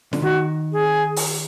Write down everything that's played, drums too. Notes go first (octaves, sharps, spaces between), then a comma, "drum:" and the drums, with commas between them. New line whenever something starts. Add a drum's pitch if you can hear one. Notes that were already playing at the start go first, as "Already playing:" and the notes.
D3, drum: snare
D#3 F#4
G#4
drum: open hi-hat